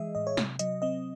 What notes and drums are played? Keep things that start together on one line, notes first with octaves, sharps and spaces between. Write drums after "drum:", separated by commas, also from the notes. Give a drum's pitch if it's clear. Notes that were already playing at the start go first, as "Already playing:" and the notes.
Already playing: E3 G#3 G#4 D#5 E5
A2 D#5
C#5
C3, drum: snare
F#3 D#5, drum: hi-hat
C4 D#5